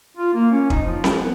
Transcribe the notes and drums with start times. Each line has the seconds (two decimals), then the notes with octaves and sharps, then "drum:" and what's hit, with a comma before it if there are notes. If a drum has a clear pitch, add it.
0.17 F4
0.34 A#3
0.51 C#4
0.70 D#4, drum: kick
0.83 F3
1.04 drum: snare C4
1.20 B3